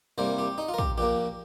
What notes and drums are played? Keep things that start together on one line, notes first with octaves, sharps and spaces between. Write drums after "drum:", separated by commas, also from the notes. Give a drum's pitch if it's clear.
C2 C3 G3 A#3 C5
G4
D#4
F4
A#4
G4, drum: kick
A#1 A#2 A#3 G4